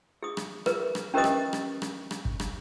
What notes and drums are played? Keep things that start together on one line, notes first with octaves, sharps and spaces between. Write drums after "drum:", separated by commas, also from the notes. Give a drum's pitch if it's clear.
G#4 D#6
drum: rim click
G#4 A#4 B4, drum: rim click
drum: rim click
C#4 G4 A#4 B4 D#5 D#6
drum: rim click
drum: rim click
drum: rim click
drum: rim click
drum: kick
drum: rim click